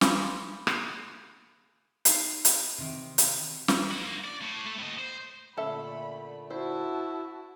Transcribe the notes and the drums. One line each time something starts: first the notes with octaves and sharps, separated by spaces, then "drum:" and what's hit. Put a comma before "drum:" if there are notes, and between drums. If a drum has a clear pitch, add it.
F5 G#5 B5 C6 D6 D#6, drum: snare
drum: rim click
D#4 C7, drum: hi-hat
drum: hi-hat
C3 D#3
drum: hi-hat
drum: snare
A#3 F#4
D5
A2
A3
A2 D#5
C5
A#2 D3 A3 C#4 A4 E5 B5
E4 F#4 C5 A5